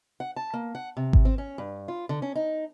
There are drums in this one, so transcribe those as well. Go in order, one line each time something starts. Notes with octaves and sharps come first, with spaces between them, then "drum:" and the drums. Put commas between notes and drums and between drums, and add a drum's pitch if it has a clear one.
F#5
A5
A#3
F#5
C3
drum: kick G#1
C4
C#4
G2
F4
D3
C#4
D#4